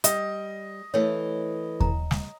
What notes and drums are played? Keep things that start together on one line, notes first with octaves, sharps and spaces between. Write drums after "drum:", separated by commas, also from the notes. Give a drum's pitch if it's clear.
G3 D#5, drum: hi-hat
E3 A3 C#5
A#5, drum: kick D#2
drum: snare